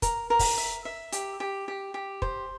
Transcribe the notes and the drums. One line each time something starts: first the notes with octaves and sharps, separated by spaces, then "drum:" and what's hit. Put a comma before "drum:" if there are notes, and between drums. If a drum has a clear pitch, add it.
A#4, drum: kick, hi-hat
A#4
drum: kick, open hi-hat
E5
E5
G4, drum: hi-hat
G4
G4
G4
C5, drum: kick